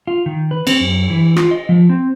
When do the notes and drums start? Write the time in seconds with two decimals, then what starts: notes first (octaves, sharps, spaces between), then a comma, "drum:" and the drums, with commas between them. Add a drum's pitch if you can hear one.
0.07 F4
0.26 D#3
0.51 B4
0.67 C4, drum: cymbal
0.80 F#2
1.10 E3
1.36 F4, drum: rim click
1.51 D#5
1.69 F3
1.89 C4